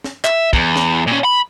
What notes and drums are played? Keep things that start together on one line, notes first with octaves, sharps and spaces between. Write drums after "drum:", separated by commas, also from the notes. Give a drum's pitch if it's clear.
drum: snare
E5, drum: clap
E2, drum: kick
drum: snare
A#2 C#4
B5